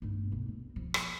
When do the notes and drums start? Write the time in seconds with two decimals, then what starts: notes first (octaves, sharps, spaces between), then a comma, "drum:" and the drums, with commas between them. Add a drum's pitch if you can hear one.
0.02 G2 A3
0.32 B1
0.48 C4
0.76 F3
0.94 drum: rim click